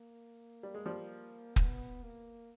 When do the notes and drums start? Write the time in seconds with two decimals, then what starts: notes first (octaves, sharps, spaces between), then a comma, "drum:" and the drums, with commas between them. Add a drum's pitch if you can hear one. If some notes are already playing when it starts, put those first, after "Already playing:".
Already playing: A#3
0.63 G3
0.75 G#3
0.86 F3 G3
1.56 B3, drum: kick
2.03 A#3